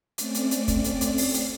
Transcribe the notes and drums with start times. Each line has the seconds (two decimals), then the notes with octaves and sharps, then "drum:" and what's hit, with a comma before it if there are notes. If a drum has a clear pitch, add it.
0.18 A3 C4 C#4 D5, drum: hi-hat
0.35 drum: hi-hat
0.51 drum: hi-hat
0.68 drum: kick, hi-hat
0.84 drum: hi-hat
1.01 drum: hi-hat
1.18 drum: open hi-hat
1.34 drum: hi-hat